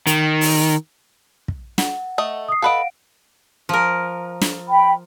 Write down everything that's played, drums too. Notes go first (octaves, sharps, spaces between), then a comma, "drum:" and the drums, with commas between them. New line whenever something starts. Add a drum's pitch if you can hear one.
D#3, drum: hi-hat
drum: open hi-hat
drum: kick
F#5, drum: snare
A3 D#5
D#6 C7
A4 B4 D#5 F5 F#5 D7
F3 A#4
drum: snare
G5 B5